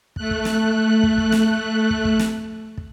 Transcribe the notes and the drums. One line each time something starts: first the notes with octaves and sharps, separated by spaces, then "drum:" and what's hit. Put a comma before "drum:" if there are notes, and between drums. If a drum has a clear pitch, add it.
A3 F#6, drum: kick
drum: kick
drum: snare
drum: kick
drum: kick
drum: snare
drum: kick
drum: kick
drum: snare
drum: kick